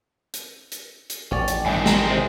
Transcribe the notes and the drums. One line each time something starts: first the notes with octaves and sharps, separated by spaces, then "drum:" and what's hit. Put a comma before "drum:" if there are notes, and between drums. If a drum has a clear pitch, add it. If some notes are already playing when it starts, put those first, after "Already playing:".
drum: hi-hat
drum: hi-hat
drum: hi-hat
A1 F2 C#4 C#5 D5
drum: hi-hat
G2 D#3 E4 G#5
D#3 G3 C4 A#5, drum: snare
C3 G#3